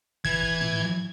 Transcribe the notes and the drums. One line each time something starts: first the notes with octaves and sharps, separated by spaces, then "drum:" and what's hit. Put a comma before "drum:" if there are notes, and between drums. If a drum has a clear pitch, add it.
E3 G#6, drum: kick
drum: kick
drum: tom